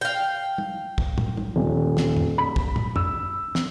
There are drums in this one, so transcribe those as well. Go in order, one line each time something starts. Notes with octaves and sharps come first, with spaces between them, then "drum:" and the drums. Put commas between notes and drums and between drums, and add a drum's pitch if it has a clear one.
F5 G5
drum: tom
drum: kick
drum: tom
drum: tom
D#1
drum: snare
drum: tom
B5
drum: kick
drum: tom
E6, drum: tom
drum: snare